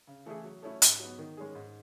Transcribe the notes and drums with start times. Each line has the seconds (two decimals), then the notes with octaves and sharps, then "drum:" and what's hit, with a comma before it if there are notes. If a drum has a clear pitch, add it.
0.07 C#3
0.26 E3 A3 E4 G#4
0.44 F#3
0.62 A3 C#4 E4
0.82 G#2, drum: hi-hat
0.99 F#3 B3
1.19 D#3
1.37 G#3 C#4 G#4
1.55 G#2